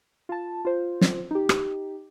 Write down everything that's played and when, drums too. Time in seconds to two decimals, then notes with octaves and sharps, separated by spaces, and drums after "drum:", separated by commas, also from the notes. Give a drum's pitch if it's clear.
0.29 F4 A5
0.65 F4 C5
1.01 drum: snare
1.31 D#4 G4
1.49 drum: rim click